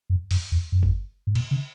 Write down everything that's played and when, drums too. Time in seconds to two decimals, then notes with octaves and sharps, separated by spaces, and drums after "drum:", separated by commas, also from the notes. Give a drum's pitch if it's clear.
0.10 F#2
0.31 F#2, drum: open hi-hat
0.52 E2
0.72 F#2
0.83 drum: kick G1
1.27 G#2
1.35 A#2, drum: cymbal
1.51 C#3